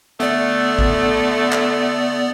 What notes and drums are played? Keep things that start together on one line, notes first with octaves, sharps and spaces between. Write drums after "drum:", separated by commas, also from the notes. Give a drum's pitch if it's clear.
D3 A3 B3 D5, drum: hi-hat
drum: kick A1
drum: clap